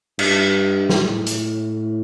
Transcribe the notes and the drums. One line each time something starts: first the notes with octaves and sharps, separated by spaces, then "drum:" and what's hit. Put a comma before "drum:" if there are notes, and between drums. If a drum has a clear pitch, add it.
G2, drum: cymbal
drum: snare
A2
drum: hi-hat